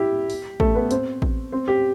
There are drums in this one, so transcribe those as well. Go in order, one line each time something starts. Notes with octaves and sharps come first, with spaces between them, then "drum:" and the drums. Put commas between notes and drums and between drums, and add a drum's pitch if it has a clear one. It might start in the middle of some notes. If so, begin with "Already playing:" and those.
Already playing: E4 G4
drum: open hi-hat
A3 A4, drum: kick A1
B3 B4
C4 C5, drum: hi-hat
drum: kick A1
C4 C5
G4